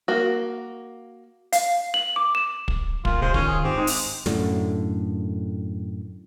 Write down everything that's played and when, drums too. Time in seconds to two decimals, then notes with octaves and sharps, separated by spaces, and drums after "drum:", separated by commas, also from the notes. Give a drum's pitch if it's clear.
0.08 A#3 F#4
1.53 F5, drum: hi-hat
1.94 F#7
2.16 D6
2.35 E7
2.68 drum: kick
3.05 C2 A#2 F4, drum: kick
3.22 C3 G#3 C5
3.34 D#3 C#4 F4, drum: kick
3.48 G#4
3.64 G#2 C4 G4
3.78 G#3 D#4
3.87 drum: open hi-hat
4.26 F#2 A2 D3, drum: snare